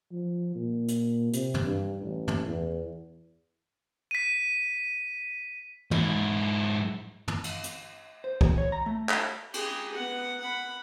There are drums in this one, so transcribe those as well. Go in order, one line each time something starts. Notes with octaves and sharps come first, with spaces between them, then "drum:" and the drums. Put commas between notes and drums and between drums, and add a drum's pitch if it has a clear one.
F3
A#2
drum: hi-hat
C3, drum: hi-hat
drum: tom
G2
A1
drum: tom
E2
B6 D#7
G#2 E4, drum: tom
drum: tom
drum: cymbal
drum: hi-hat
C5
D#3, drum: kick
C#5
A#5
A3
drum: clap
G4 G#4, drum: cymbal
B3 F#5
F#5 B5